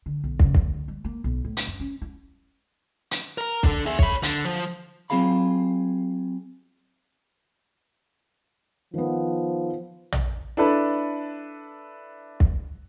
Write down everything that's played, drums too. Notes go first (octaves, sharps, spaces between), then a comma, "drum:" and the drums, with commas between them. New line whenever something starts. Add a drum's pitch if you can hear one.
D3
B1
C#3, drum: kick
D2, drum: kick
G3
A#3
B1
A2
drum: hi-hat
F#2
C#4
E4
drum: hi-hat
A#4 A#5
D4 A4, drum: kick
G#4 E5
C#5 B5, drum: kick
D3, drum: hi-hat
F3
F#3 C4 F4 G#4 F5 B5
D#3 F3 B3
drum: tom A#1
D4 E4 A4 B4
drum: kick